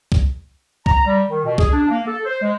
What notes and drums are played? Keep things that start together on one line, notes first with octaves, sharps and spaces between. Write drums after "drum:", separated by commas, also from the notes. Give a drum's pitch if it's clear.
drum: kick C2
A#5, drum: kick C2
G3
D#3
B2
G#4, drum: kick C2
D4
A#3
A4
C5
G#3